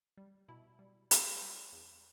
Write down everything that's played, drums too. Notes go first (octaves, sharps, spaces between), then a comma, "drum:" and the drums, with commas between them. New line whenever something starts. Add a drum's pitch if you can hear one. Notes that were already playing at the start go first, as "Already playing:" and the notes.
G3
B2 E4
G3
G3, drum: hi-hat
G3
E2